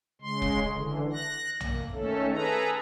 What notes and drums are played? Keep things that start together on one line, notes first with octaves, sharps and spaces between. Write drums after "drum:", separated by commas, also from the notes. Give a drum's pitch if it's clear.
C#3 G#3 C6
drum: kick
D3 E3
F#6 A#6
A#3, drum: tom A#1
D#3 A3 C#4 A4
G#4 A4 B4 A#5